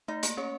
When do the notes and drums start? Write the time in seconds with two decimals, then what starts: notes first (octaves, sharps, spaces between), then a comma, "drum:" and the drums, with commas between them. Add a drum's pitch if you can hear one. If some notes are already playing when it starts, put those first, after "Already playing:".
0.08 A3 D#4
0.23 A#3 A#5, drum: hi-hat
0.37 C#4 C#5